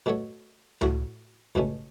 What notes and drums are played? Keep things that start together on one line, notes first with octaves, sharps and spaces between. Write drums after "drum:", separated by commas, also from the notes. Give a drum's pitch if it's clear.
B2 A3 F#4 A4 C#5
A2 A3 F#4, drum: tom C#2
C#2 B2 A3 C#4, drum: kick G#1